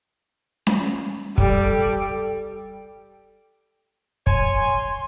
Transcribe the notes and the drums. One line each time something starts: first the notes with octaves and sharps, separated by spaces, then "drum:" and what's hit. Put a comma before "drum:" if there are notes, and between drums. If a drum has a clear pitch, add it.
drum: snare C#4
G3 A4 G5, drum: kick
C#5 G#5 C6, drum: kick